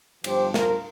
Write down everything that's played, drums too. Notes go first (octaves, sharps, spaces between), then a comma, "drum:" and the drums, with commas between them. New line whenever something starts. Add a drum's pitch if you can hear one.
G1 G2 F3 G4 C5, drum: cymbal
F4 A#4, drum: snare